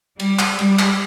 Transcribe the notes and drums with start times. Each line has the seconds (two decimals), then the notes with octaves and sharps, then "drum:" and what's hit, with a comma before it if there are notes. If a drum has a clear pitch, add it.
0.20 G3, drum: cymbal
0.39 drum: clap
0.59 G3, drum: cymbal
0.79 drum: clap